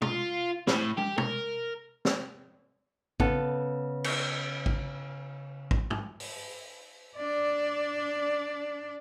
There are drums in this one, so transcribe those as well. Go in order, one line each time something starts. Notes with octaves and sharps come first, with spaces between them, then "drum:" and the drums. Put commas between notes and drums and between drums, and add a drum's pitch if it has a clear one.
F4, drum: tom
A2, drum: snare
G4, drum: tom
A#4, drum: tom
drum: snare
C#3 B3 A4, drum: kick
drum: cymbal
drum: kick
drum: kick
drum: tom
drum: open hi-hat
D4 D5